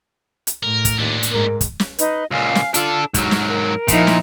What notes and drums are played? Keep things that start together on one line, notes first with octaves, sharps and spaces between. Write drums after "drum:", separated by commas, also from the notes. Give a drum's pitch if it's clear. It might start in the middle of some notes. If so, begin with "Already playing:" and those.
drum: hi-hat
A2 A#4
drum: kick, hi-hat
D#2 A#2 D3
drum: hi-hat
G#2 A#4
drum: kick, hi-hat
drum: snare
D#4 B4 D#5, drum: hi-hat
C#2 A#2 F5 G#5 F6
drum: snare
D4 F4 A4, drum: hi-hat
G#2 F#3 F6, drum: kick, hi-hat
drum: snare
A#4
A#2 F3 D#4 E4, drum: kick, hi-hat
drum: snare